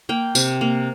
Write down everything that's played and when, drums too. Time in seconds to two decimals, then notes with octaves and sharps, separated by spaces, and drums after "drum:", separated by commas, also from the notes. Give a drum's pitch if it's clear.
0.09 A#3 G5
0.35 C3, drum: tambourine
0.61 A#3